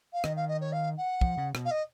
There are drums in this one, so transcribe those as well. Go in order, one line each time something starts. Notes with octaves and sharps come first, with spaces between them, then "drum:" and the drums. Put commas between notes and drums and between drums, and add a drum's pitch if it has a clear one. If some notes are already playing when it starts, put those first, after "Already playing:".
F5
D#3 D#5, drum: rim click
F5
D#5
C#5
F5
F#5
F3, drum: kick
C#3
B2, drum: rim click
F5
D#5